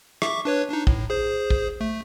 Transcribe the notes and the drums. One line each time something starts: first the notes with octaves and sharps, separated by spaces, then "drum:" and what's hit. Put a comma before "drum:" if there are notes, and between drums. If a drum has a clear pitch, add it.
E5 C#6 D6, drum: rim click
D4 B4 C#5
D4 D#4
A2, drum: kick
G#4 C5
drum: kick
A3